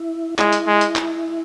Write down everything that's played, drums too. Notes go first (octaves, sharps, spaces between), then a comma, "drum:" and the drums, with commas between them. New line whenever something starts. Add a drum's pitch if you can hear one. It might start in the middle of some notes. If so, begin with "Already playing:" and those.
Already playing: E4
G#3 E4, drum: clap
drum: hi-hat
G#3
drum: hi-hat
drum: clap